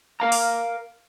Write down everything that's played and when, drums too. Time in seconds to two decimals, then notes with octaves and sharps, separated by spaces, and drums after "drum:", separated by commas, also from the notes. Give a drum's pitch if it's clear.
0.20 A#4 F5 A#5
0.32 drum: open hi-hat